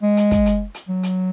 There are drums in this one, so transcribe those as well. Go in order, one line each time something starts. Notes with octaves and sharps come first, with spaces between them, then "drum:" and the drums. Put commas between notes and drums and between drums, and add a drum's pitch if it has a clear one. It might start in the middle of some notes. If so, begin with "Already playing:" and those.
G#3
drum: hi-hat
drum: kick, hi-hat
drum: hi-hat
drum: hi-hat
F#3
drum: hi-hat